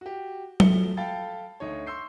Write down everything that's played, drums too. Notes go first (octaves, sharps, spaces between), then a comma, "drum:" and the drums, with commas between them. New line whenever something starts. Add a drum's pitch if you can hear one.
F#4 G4
F3 F#3 A3 E5 C#7 G7, drum: tom F#3
A4 F5 G5 A5 B5 A6
D2 D#4 C#5
C6 C#6 E6 G6 C7